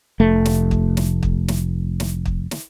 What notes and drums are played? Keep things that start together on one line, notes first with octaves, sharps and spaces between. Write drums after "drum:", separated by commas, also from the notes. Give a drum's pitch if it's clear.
F1 A3
drum: snare
drum: kick
drum: snare
drum: kick
drum: snare
drum: snare
drum: kick
drum: snare